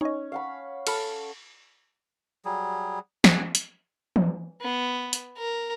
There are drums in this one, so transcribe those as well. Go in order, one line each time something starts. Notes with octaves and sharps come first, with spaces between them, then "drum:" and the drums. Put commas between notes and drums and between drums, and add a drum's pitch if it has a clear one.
C#4 D#4 D#5
F5 F#5 B5
A4 B5 F6 C#7, drum: cymbal
F#3 G3 G#4
F#5 G#5, drum: snare
drum: hi-hat
drum: tom E3
B3
drum: hi-hat
A#4